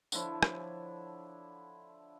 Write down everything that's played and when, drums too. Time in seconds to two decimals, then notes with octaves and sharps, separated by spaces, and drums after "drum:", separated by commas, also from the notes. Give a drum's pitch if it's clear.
0.12 D3 F3 E4 C#5, drum: tambourine
0.43 drum: rim click